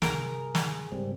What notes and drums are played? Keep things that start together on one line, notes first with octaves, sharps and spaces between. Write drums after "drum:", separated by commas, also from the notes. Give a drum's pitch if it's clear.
G2 C3 G#4 A#4 A#5, drum: snare
drum: snare
G#2 C#3 G3 C4